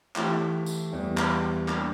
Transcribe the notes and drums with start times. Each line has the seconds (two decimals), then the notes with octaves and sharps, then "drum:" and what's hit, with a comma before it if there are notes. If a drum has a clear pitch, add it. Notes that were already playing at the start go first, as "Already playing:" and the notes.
0.16 E3 A3 E4 G4, drum: clap
0.66 drum: tambourine
0.92 E2 E3 G3
1.17 drum: clap
1.68 G3 A#3 D4, drum: clap